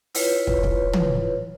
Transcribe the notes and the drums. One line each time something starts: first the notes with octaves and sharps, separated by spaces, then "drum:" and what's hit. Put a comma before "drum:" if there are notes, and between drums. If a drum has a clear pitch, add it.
E4 F4 B4 C#5, drum: open hi-hat
drum: kick
drum: kick
drum: tom